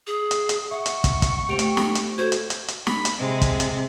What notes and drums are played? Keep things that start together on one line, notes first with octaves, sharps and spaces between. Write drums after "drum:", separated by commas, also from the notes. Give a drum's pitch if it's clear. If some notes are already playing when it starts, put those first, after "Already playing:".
G#4
drum: hi-hat
drum: hi-hat
E5 F#5 C#6
drum: hi-hat
drum: kick, hi-hat
drum: kick, hi-hat
A3 C4 F4 G4 D7 F7
drum: hi-hat
drum: snare
drum: hi-hat
F#4 A4 C5 C#5
drum: hi-hat
drum: hi-hat
drum: hi-hat
B5, drum: snare
drum: hi-hat
C3 G#3
drum: kick, hi-hat
drum: hi-hat